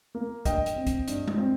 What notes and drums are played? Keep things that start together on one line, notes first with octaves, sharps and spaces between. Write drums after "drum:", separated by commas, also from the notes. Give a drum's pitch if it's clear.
A#3
G2 D#5 G5, drum: kick, hi-hat
drum: hi-hat
C4
drum: kick, hi-hat
G2, drum: hi-hat
drum: tom G#3
C4